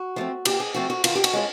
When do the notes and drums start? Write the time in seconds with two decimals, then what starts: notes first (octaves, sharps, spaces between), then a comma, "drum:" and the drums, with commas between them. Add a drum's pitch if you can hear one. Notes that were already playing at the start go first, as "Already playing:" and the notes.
Already playing: F#4
0.16 F3 A3 C4
0.45 A#2 G4, drum: cymbal
0.60 G#4
0.74 F3 A3 C4 F#4
0.90 F#4
1.04 D#3 F4, drum: cymbal
1.15 G4
1.24 F#4, drum: cymbal
1.33 G#3 C#4 F4